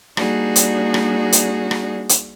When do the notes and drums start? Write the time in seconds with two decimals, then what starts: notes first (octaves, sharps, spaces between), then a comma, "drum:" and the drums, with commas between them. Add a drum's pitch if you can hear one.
0.17 G3 A#3 D4 D#4 F#4 G#4, drum: rim click
0.56 drum: hi-hat
0.94 drum: rim click
1.32 drum: hi-hat
1.71 drum: rim click
2.09 drum: hi-hat